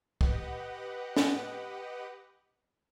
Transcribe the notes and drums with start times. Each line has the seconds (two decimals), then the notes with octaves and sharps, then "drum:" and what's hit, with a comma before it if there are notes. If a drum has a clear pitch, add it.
0.21 G4 B4 D#5 F#5, drum: kick
1.17 drum: snare